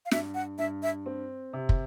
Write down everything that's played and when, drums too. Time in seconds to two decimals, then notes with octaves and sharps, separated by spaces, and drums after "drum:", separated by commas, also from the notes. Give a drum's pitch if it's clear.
0.06 F5
0.11 G2 E5, drum: snare
0.34 F#5
0.58 G2 E5
0.83 E5
1.06 C4
1.53 C3
1.69 drum: kick